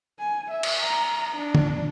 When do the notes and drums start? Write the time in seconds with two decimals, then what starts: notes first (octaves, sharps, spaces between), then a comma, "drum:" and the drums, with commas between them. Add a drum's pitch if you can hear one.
0.19 G#5
0.51 E5
0.63 drum: cymbal
0.81 A#5
1.37 D4
1.55 drum: tom D3